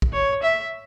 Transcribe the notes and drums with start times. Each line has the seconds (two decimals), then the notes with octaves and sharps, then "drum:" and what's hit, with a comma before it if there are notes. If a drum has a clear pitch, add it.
0.02 drum: kick
0.13 C#5
0.43 E5